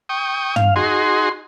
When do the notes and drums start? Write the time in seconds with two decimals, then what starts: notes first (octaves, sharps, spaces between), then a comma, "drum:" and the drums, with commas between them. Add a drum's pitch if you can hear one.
0.09 G5 C#6 D#6
0.56 F5, drum: tom
0.76 D#4 F#4 G#4 C6